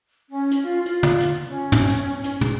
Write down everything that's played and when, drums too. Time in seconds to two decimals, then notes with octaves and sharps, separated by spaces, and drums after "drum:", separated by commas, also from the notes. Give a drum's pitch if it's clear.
0.29 C#4
0.51 drum: hi-hat
0.62 F4
0.86 F4, drum: hi-hat
1.03 drum: tom
1.20 drum: hi-hat
1.46 C#4
1.72 drum: tom
1.89 drum: hi-hat
2.24 drum: hi-hat
2.41 drum: tom